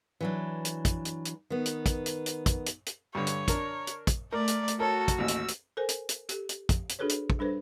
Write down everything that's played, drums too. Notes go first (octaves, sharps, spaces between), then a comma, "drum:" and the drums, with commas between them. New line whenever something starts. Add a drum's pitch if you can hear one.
E3 F#3 D4
drum: hi-hat
drum: kick, hi-hat
drum: hi-hat
drum: hi-hat
D#3 B3
drum: hi-hat
drum: kick, hi-hat
drum: hi-hat
drum: hi-hat
drum: kick, hi-hat
drum: hi-hat
drum: hi-hat
G2 D3 C#5
drum: hi-hat
D4 A#4, drum: kick, hi-hat
drum: hi-hat
drum: kick, hi-hat
A3 A#4 D5
drum: hi-hat
drum: hi-hat
F#4 A4 A#4 C#5
drum: kick, hi-hat
A1 D#2 E6
drum: hi-hat
drum: hi-hat
A4 A#4 C5 G#5
drum: hi-hat
drum: hi-hat
G4 A4, drum: hi-hat
drum: hi-hat
drum: kick, hi-hat
drum: hi-hat
D4 F#4 G#4 A4 B4 C#5
drum: hi-hat
drum: kick
G3 D4 A4 B4 C5